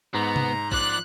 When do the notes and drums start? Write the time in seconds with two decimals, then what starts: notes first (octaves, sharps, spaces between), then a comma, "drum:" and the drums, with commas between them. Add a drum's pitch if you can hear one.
0.14 G#2 B3 A#5
0.36 drum: tom C3
0.72 F3 D5 F#6, drum: kick A#1